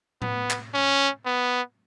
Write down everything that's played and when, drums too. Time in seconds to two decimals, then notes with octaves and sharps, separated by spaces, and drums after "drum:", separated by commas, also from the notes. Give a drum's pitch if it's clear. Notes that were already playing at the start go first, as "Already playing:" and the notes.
0.22 B3, drum: tom A2
0.50 drum: clap
0.74 C#4
1.25 B3